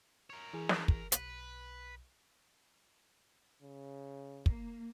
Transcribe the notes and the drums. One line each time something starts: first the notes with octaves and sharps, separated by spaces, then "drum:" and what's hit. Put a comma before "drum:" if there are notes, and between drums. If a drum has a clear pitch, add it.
A#4 C#5
E3 G#4
drum: snare
drum: kick
B1 B4, drum: hi-hat
C#3
A#3, drum: kick